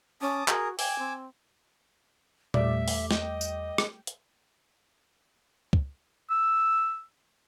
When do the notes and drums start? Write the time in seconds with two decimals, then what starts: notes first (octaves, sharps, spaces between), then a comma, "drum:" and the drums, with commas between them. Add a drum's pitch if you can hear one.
0.21 C#4 A5 D6 D#6
0.48 F#4 G#4 A#4, drum: clap
0.79 G5 G#5 D6 E6, drum: open hi-hat
0.99 C4
2.54 E2 G3 A3 D5 E5 D6, drum: tom A#2
2.88 drum: open hi-hat
3.11 D#5 G5, drum: snare
3.41 drum: tambourine
3.78 drum: rim click
4.07 drum: hi-hat
5.73 drum: kick
6.30 E6